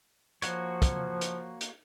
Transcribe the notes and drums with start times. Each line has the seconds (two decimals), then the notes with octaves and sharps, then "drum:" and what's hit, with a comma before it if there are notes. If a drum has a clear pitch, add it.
0.42 F3 A#3 F#4 C#5, drum: hi-hat
0.82 drum: kick, hi-hat
1.21 drum: hi-hat
1.61 drum: hi-hat